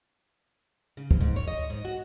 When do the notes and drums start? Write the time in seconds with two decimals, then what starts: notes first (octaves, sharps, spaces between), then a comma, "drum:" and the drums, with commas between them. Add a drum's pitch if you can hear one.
0.97 C#3
1.11 drum: kick
1.21 G#2
1.36 C#5
1.48 D#5
1.70 G#2
1.85 F#4